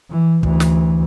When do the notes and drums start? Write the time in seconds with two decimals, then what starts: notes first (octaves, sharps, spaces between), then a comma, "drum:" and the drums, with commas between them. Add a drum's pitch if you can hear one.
0.11 E3
0.43 D2 E3, drum: kick
0.60 drum: snare